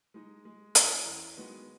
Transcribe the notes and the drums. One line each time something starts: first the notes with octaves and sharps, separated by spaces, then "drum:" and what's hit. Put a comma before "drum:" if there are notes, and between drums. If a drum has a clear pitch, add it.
G#3 D#4
G#3
C#4 E4 A#4 D#5, drum: hi-hat
E2
D#3 G#3 B3 F#4